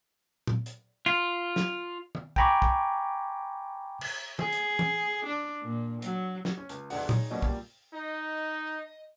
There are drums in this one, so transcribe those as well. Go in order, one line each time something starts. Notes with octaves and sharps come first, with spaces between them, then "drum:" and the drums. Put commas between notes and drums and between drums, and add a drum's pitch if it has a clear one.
drum: tom A#2
drum: hi-hat
F4
drum: snare
drum: tom
G5 G#5 A#5 B5 C#6 D6, drum: kick
drum: kick
drum: cymbal
G#4, drum: tom
drum: hi-hat
drum: tom
D4
A#2
F#3, drum: hi-hat
drum: snare
C#4
C#2, drum: hi-hat
B1 E2 D3 G#4 D5 F#5, drum: open hi-hat
D#4 G#4 C#5, drum: tom A#2
D#2 B2 F#3 C#4 D5 D#5
A#2 G3, drum: kick
D#4 D#5